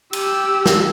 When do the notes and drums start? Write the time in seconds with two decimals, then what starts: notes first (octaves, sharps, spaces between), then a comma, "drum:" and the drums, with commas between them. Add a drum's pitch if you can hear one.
0.13 G4 E6, drum: cymbal
0.66 drum: snare